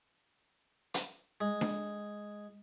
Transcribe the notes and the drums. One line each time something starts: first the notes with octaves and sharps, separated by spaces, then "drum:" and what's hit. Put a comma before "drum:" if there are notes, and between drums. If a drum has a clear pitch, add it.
drum: hi-hat
G#3
drum: snare D4